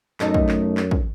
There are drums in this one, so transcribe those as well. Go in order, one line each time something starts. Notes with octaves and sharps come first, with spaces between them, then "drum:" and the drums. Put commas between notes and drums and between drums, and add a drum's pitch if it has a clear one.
F#2 A3 D#4, drum: clap
drum: kick
drum: clap
drum: clap
drum: kick